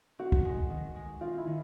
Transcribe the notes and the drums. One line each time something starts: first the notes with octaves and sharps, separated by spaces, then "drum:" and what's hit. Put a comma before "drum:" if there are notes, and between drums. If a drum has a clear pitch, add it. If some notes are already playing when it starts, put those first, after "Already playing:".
C4 F#4
drum: kick
G#3
D#3
G#3
C4 F4
E4
D#3